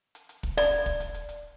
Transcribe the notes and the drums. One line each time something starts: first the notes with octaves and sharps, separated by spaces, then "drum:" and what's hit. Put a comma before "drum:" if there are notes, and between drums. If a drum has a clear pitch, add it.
drum: hi-hat
drum: hi-hat
drum: kick, hi-hat
D5, drum: rim click
drum: hi-hat
drum: kick, hi-hat
drum: hi-hat
drum: hi-hat
drum: hi-hat